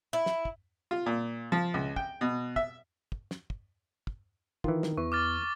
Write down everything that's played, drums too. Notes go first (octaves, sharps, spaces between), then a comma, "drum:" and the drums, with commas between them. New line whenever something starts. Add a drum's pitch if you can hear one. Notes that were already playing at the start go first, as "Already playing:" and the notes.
E4
drum: snare
drum: kick
F4
A#2
F3
C#2
G5, drum: kick
B2
E5, drum: kick
drum: kick
drum: snare
drum: kick
drum: kick
D#3 E3 F4, drum: kick
drum: snare
E2 E3 C#6
D6 F6 A6